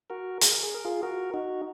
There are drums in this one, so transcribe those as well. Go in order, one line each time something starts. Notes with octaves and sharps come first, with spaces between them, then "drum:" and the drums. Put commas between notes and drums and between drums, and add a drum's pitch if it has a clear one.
F#4 A#4
G#4, drum: hi-hat
A#4
G#4
A#4
F4 G#4
F#4 A#4
D#4 F#4